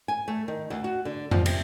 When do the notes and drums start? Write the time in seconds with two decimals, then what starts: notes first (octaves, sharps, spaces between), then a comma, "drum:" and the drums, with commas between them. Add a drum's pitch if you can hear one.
0.08 G#5
0.28 A3
0.48 D#3
0.70 D2
0.84 F#4
1.05 D3
1.31 F3, drum: tom F2
1.46 C3, drum: cymbal